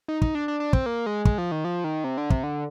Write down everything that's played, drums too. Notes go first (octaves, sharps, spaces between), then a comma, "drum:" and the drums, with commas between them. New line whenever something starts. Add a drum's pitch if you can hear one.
D#4
D#4, drum: kick
D4
D4
D4
C4, drum: kick
A#3
G#3
G#3, drum: kick
F3
D#3
F3
D#3
C3
D3
C3, drum: kick
D3